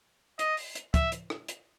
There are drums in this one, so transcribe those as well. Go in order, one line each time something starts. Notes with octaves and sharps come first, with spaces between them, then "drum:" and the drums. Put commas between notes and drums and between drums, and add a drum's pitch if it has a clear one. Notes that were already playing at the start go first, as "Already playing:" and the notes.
D#5, drum: hi-hat
drum: open hi-hat
drum: hi-hat
E5, drum: kick, hi-hat
drum: hi-hat
drum: rim click
drum: hi-hat